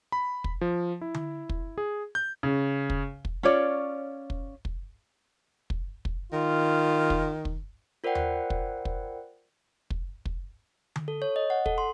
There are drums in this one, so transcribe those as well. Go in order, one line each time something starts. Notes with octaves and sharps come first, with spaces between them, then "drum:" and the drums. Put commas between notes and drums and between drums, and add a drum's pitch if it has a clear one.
B5
drum: kick
F3
E4
drum: tom D3
drum: kick
G#4
G6
C#3
drum: kick
drum: kick
C#4 F4 C#5 D5
drum: kick
drum: kick
drum: kick
drum: kick
D#3 F4
drum: kick
drum: kick
F4 A#4 C5 D5 F#5 G5
drum: tom D#2
drum: kick
drum: kick
drum: kick
drum: kick
drum: tom D3
A4
C#5
D#5
F#5
A4, drum: kick
C6